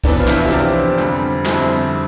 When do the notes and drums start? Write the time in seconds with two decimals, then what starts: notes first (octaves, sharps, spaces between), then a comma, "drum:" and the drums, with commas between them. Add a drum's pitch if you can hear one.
0.04 E2 C3 F3 B3 D4, drum: kick, open hi-hat
0.20 F4
0.28 C4 E4, drum: clap
0.46 G4
0.51 E2 C3 F3 D4 F4, drum: hi-hat
0.98 F2 D3 G3, drum: hi-hat
1.46 F2 D3 G3 C4 E4, drum: clap